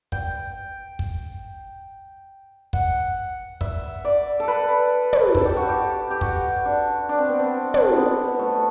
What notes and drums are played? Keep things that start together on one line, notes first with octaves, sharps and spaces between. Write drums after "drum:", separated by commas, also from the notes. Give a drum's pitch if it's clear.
G5, drum: kick
drum: kick
F#5, drum: kick
E5, drum: kick
D5
A4
B4
drum: tom
A4, drum: kick
G4
F#4
G4
G4
F#4, drum: kick
D4
D4
C4
B3
C4
drum: tom
B3 C4
A3